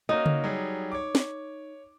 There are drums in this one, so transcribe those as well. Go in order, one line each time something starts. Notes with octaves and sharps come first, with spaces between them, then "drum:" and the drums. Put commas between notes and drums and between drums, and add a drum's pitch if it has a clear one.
A#3 C#4 D#4 F#4
drum: tom C#3
F#3 G3 G#4
C#5 D6
drum: snare